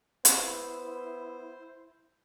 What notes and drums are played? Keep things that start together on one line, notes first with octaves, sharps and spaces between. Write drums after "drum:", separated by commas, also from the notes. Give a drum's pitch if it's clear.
B3 E4 C5, drum: hi-hat